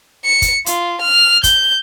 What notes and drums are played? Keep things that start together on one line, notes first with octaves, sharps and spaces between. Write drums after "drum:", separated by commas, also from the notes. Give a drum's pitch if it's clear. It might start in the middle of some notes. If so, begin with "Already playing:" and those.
C#7
drum: kick, hi-hat
F4, drum: hi-hat
F6
G6, drum: kick, hi-hat